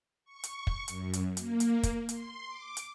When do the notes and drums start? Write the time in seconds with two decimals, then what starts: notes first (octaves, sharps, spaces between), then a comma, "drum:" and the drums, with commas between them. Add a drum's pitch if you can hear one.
0.25 C#6
0.44 drum: hi-hat
0.67 drum: kick
0.88 F#2, drum: hi-hat
1.13 drum: hi-hat
1.37 A#3, drum: hi-hat
1.60 drum: hi-hat
1.83 drum: kick, hi-hat
2.09 C6, drum: hi-hat
2.48 D6
2.77 drum: hi-hat